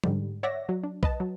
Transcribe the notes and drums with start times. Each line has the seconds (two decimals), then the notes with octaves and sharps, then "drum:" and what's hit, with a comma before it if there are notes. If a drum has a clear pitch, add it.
0.04 G#2 D3 G3, drum: tom
0.43 C#5 D5 E5 F#5 A#6
0.69 F#3
0.84 D4
1.03 B4 D#5 A5, drum: kick B1
1.20 F#3